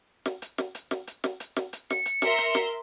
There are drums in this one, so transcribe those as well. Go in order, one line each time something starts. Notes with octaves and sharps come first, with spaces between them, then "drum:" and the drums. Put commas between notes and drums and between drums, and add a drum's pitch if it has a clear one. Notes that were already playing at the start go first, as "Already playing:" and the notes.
drum: snare
drum: hi-hat
drum: snare
drum: hi-hat
drum: snare
drum: hi-hat
drum: snare
drum: hi-hat
drum: snare
drum: hi-hat
C#7, drum: snare
drum: hi-hat
A#4 E5 C6, drum: snare
drum: hi-hat
drum: snare